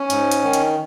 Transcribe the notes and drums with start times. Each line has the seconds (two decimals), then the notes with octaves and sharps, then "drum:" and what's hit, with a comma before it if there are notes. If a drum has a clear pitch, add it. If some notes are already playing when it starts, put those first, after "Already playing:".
Already playing: C#4
0.10 G#2, drum: hi-hat
0.31 drum: hi-hat
0.43 D#3
0.53 drum: hi-hat